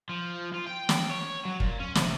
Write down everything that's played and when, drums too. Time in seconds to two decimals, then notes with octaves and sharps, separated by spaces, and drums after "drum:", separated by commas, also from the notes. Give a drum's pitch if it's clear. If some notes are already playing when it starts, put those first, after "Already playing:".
0.09 F3
0.54 F4
0.67 G5
0.89 drum: snare
1.11 C#5
1.45 F#3
1.60 A#2, drum: kick
1.79 C#4
1.95 C3, drum: snare